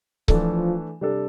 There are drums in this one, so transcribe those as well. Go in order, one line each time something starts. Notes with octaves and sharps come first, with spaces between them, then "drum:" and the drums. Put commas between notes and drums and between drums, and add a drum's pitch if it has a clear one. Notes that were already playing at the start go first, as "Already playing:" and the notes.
E3 F3 A3 D4 A4, drum: kick C#1
C3 G3 D4 A4